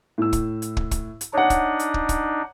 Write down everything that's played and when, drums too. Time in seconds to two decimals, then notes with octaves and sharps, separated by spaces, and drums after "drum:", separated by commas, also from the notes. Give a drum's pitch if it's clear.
0.18 A2 E6
0.33 drum: kick, hi-hat
0.62 drum: hi-hat
0.77 drum: kick
0.91 drum: kick, hi-hat
1.21 drum: hi-hat
1.33 D4 D#4 C#5 F#5
1.50 drum: kick, hi-hat
1.79 drum: hi-hat
1.94 drum: kick
2.09 drum: kick, hi-hat